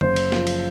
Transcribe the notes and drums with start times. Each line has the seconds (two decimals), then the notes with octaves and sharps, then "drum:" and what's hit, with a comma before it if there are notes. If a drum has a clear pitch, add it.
0.01 F#1 C5, drum: tom
0.16 drum: cymbal
0.32 F3, drum: snare
0.47 drum: cymbal